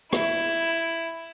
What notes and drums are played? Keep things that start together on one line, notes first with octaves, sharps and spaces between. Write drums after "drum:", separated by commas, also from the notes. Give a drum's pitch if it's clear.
E4, drum: rim click